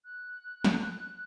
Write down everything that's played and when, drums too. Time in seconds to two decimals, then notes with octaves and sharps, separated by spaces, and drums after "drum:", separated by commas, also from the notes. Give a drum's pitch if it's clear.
0.04 F#6
0.64 drum: snare